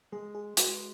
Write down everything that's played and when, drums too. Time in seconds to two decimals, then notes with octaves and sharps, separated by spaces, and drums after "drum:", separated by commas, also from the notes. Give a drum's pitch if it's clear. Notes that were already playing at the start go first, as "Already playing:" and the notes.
0.12 G#3 G#4
0.35 G#4
0.57 G#3 F#4 B4, drum: hi-hat